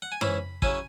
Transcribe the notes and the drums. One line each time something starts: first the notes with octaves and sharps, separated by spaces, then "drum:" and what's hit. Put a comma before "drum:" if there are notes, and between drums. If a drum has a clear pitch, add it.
F#5
G#5
G#2 E3 C#4 E4 B5, drum: tom F#2
C#3 F#3 C#4 E4 G#5, drum: kick